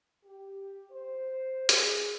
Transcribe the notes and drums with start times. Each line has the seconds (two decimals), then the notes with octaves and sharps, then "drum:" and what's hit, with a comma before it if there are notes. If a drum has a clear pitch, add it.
0.24 G4
0.91 C5
1.69 G#4, drum: hi-hat